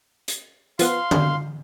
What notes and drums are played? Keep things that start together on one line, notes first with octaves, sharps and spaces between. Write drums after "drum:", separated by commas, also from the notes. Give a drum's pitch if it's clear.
drum: hi-hat
F3 B3 F5 C6, drum: hi-hat
D4, drum: tom D3